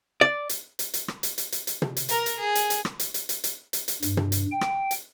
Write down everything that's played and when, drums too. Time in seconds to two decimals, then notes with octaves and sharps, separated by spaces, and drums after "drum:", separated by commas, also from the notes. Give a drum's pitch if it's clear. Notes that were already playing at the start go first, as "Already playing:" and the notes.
0.21 D5
0.49 drum: hi-hat
0.79 drum: hi-hat
0.94 drum: hi-hat
1.08 drum: rim click
1.23 drum: hi-hat
1.38 drum: hi-hat
1.52 drum: hi-hat
1.67 drum: hi-hat
1.82 drum: tom
1.97 drum: hi-hat
2.09 A#4 A#5, drum: hi-hat
2.26 drum: hi-hat
2.39 G#4
2.55 drum: hi-hat
2.70 drum: hi-hat
2.85 drum: rim click
2.99 drum: hi-hat
3.14 drum: hi-hat
3.29 drum: hi-hat
3.44 drum: hi-hat
3.73 drum: hi-hat
3.88 drum: hi-hat
4.02 G2, drum: hi-hat
4.17 drum: tom
4.32 drum: hi-hat
4.51 G5
4.61 drum: rim click
4.91 drum: hi-hat